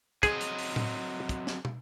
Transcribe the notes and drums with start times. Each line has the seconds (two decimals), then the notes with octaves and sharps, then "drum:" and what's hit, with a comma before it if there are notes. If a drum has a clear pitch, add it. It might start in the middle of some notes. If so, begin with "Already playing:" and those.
0.23 F#3 C4 G#4 D#5, drum: kick, hi-hat
0.41 drum: hi-hat
0.58 drum: open hi-hat
0.76 drum: tom A2
1.29 drum: kick, hi-hat
1.47 drum: snare
1.65 drum: tom